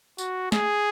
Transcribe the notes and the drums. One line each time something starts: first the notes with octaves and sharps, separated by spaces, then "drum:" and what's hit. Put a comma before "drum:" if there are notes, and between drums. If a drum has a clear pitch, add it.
F#4, drum: tambourine
G#4, drum: snare